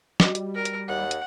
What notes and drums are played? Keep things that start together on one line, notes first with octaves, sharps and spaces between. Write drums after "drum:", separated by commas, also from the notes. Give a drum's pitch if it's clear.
G3 F#4 D#5 D6, drum: snare
drum: hi-hat
A#4
drum: hi-hat
D#2 F#5
drum: hi-hat